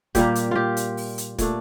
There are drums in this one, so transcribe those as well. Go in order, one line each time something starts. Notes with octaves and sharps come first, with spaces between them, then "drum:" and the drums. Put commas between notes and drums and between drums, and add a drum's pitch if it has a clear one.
A#2 G3 A#3 G4, drum: kick, hi-hat
drum: hi-hat
F4 G4
drum: hi-hat
drum: open hi-hat
drum: hi-hat
A#2 A3 D4, drum: kick, hi-hat